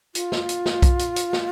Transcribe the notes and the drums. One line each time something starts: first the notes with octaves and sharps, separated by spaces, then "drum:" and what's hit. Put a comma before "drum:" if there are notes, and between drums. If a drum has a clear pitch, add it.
F4, drum: hi-hat
drum: snare
drum: hi-hat
drum: snare
drum: kick B1, hi-hat
drum: hi-hat
drum: hi-hat
drum: snare